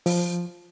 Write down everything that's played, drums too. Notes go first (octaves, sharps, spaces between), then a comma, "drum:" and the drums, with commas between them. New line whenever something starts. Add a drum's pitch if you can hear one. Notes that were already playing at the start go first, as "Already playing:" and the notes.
F3, drum: open hi-hat